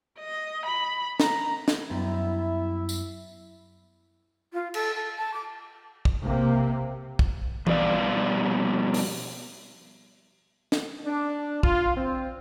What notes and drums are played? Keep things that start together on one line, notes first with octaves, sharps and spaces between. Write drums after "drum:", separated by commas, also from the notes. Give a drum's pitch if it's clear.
D#5
B5
A#5, drum: snare
drum: snare
F#2 G3 B3 E4 E5
drum: tambourine
F4
A4, drum: cymbal
A4
A5
D6
drum: kick
C3 A#3
drum: kick
F2 B2 G3 B3 D5 F5, drum: tom
drum: open hi-hat
drum: snare
D4
F4, drum: kick
C4